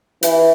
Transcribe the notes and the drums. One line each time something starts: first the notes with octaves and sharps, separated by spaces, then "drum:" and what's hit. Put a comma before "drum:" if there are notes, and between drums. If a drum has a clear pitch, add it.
E3, drum: hi-hat